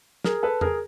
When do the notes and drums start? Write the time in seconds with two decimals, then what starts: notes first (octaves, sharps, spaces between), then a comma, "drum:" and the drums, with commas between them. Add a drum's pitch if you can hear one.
0.24 G#4 A#4, drum: snare
0.43 A4 B4
0.61 G#4 A#4, drum: tom E2